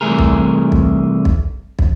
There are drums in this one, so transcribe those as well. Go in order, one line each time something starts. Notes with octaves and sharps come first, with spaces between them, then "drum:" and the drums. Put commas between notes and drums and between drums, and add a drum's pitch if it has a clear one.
C2 G2 E3 A3 G#4 A#4
drum: kick
drum: kick
drum: kick
drum: kick